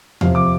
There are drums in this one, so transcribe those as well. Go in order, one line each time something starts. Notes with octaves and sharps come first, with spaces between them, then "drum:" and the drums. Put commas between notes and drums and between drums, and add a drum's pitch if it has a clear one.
F2 C3 F3 F5, drum: tom E2
D6